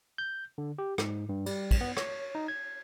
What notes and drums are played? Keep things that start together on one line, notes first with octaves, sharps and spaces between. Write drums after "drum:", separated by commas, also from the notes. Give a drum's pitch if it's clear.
G6
D3
G4
G#2, drum: rim click
G2
G3, drum: cymbal
drum: kick, cymbal
B3
C#5, drum: rim click
D#4
G#6